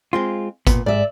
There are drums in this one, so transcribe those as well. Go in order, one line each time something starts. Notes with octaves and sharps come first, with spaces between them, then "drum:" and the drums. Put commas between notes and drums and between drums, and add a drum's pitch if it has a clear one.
G#3 C4 F4
A#2 B3, drum: kick G#1, hi-hat
G#2 D5 E5